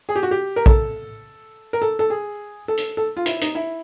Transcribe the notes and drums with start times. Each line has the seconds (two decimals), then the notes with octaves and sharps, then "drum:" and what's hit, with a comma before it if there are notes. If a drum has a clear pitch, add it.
0.09 G#4
0.16 G4
0.23 F#4
0.31 G4
0.56 A#4
0.66 A4, drum: kick
1.73 A#4
1.82 A4
1.99 A4
2.10 G#4
2.68 A4
2.78 drum: hi-hat
2.97 A4
3.17 F4
3.26 E4, drum: hi-hat
3.41 D#4, drum: hi-hat
3.55 E4